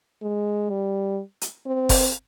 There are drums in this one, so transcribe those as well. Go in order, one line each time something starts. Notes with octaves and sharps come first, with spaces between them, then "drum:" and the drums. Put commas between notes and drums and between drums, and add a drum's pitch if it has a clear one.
G#3
G3
drum: hi-hat
C4
drum: kick F#1, open hi-hat